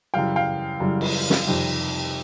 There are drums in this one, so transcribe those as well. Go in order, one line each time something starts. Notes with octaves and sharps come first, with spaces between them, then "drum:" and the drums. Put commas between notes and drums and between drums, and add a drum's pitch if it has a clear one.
F#2 C#3 E3 G3 F5 G5
F5 G5
F#2 C#3 E3 G3
drum: cymbal
drum: snare
F2 C3 D#3 G3